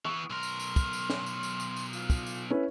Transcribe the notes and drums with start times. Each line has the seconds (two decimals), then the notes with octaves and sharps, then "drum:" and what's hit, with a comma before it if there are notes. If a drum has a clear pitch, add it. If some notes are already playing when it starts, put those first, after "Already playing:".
0.05 E3 B3 C#6
0.30 B1 A#4 C6
0.43 drum: tambourine
0.60 drum: tambourine
0.76 drum: kick, tambourine
0.93 drum: tambourine
1.10 drum: snare
1.26 drum: tambourine
1.43 drum: tambourine
1.60 drum: tambourine
1.76 drum: tambourine
1.93 F4, drum: tambourine
2.10 drum: kick, tambourine
2.26 drum: tambourine
2.50 C#4 E4 A4 B4